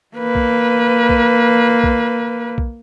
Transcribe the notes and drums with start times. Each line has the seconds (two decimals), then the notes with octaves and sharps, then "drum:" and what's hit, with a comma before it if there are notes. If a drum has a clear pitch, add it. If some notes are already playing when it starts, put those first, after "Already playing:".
0.17 A#3 B4
0.35 drum: kick B1
1.09 drum: kick B1
1.84 drum: kick B1
2.58 drum: kick B1